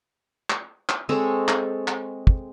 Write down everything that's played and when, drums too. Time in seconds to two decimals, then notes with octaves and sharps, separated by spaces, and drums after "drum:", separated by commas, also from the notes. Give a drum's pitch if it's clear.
0.50 drum: clap
0.89 drum: clap
1.09 G#3 C4 A4 C#5
1.48 drum: clap
1.88 drum: clap
2.27 drum: kick